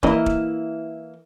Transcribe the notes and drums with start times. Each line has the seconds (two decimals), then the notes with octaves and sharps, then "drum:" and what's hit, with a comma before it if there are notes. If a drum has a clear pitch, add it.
0.03 E3 A#3 E4 A#4 D#5, drum: kick
0.26 drum: kick